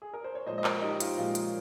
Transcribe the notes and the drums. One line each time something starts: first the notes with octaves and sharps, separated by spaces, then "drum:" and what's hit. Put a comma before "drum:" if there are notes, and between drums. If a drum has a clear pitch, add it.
G#4
A#4
C5
C#5
A#2 F3 G#3 C5 D#5
D#5
A#4 C#5, drum: clap
D#4 G4
F4, drum: hi-hat
A#2 F3 G#3 F4
drum: hi-hat